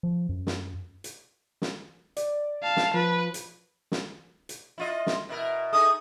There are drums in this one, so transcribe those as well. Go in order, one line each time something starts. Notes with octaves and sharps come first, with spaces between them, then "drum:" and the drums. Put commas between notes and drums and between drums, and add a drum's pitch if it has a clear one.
F3
F#2
drum: snare
drum: hi-hat
drum: snare
D5, drum: hi-hat
F5 A5
drum: snare
F3 B4
drum: hi-hat
drum: snare
drum: hi-hat
E4 F4 D#5
drum: snare
B2 E4 A#4
D#4 G#4 A4 D#6